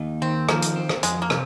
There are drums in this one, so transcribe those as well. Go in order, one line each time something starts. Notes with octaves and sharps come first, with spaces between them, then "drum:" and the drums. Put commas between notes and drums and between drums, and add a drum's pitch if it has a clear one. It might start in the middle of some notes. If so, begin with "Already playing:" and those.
Already playing: D#2 D#4
D#3 C4
F3 A#3, drum: rim click
drum: hi-hat
C4
drum: rim click
F2 G#3, drum: hi-hat
A#3
C3, drum: rim click